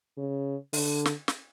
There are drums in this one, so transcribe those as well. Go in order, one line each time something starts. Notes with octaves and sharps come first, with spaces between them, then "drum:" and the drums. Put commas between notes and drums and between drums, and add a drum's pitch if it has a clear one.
C#3
D3, drum: open hi-hat
drum: snare
drum: snare